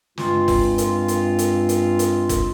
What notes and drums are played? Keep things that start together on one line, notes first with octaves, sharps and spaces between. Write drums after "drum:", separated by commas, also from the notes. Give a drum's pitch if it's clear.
G2 G#3 C4 F4, drum: snare
drum: kick G1, open hi-hat
drum: hi-hat
drum: hi-hat
drum: hi-hat
drum: hi-hat
drum: hi-hat
drum: kick G1, hi-hat